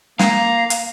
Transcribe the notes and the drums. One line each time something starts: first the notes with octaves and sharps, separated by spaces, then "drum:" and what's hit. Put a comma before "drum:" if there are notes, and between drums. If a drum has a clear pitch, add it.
A#3 F5 A#5, drum: snare
drum: hi-hat